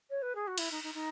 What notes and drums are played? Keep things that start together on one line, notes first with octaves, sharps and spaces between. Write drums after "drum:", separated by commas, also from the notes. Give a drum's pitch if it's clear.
C#5
B4
G#4
F#4
E4, drum: cymbal
D#4
D#4
D#4